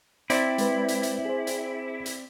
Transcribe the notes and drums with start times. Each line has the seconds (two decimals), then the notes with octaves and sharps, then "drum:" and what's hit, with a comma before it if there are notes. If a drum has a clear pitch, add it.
0.30 C4 E4 D5, drum: hi-hat
0.58 G#3 B4, drum: hi-hat
0.88 drum: hi-hat
1.03 drum: hi-hat
1.25 G#4 C5
1.47 drum: hi-hat
2.06 drum: hi-hat